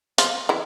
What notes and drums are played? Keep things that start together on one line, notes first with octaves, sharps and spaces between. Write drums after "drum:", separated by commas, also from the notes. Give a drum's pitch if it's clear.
F3 F4, drum: hi-hat
E3 E4